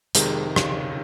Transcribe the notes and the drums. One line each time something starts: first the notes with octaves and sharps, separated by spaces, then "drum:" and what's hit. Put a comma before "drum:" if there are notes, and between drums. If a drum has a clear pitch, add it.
F2 C3 D#3 G#3, drum: hi-hat
C#3, drum: rim click